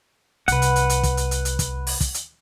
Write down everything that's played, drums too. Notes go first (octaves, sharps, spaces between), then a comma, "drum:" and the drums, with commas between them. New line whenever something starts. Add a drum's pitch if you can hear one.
C2 B4 F#5, drum: hi-hat
drum: hi-hat
drum: hi-hat
drum: hi-hat
drum: kick, hi-hat
drum: hi-hat
drum: hi-hat
drum: hi-hat
drum: kick, hi-hat
drum: open hi-hat
drum: kick, hi-hat
drum: hi-hat